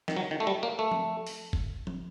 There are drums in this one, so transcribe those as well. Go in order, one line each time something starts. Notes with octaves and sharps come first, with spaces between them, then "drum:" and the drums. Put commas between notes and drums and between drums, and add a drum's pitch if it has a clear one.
D#3, drum: snare
F#3
D#3
A3
G3
A#3
A3
drum: tom F3
drum: open hi-hat
drum: kick G1
drum: tom F3